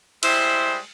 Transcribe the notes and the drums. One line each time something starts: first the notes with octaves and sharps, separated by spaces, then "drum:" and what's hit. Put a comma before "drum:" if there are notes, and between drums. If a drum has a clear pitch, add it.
G3 G#3 E4 C5, drum: cymbal